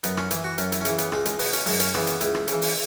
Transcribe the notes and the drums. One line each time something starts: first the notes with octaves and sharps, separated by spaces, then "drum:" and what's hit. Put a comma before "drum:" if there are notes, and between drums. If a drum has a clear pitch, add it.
F#2 B3, drum: hi-hat
C#4, drum: rim click
E3 E4, drum: hi-hat
F#4
F#2 C#4, drum: hi-hat
E4, drum: hi-hat
C#4
C#3 E3 E4, drum: hi-hat
B3, drum: hi-hat
C#2 G#3, drum: rim click
G#3, drum: hi-hat
B2 B3, drum: open hi-hat
C#4, drum: hi-hat
F#2 G#3, drum: open hi-hat
C#4, drum: hi-hat
C#3 E3 B3, drum: rim click
B3, drum: hi-hat
C#2 E4, drum: hi-hat
drum: rim click
C#3, drum: hi-hat
E3
drum: open hi-hat